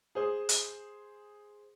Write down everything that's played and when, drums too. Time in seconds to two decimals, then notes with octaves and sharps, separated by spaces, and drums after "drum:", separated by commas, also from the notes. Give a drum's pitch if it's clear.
0.15 G#4 C5 D#6
0.49 drum: hi-hat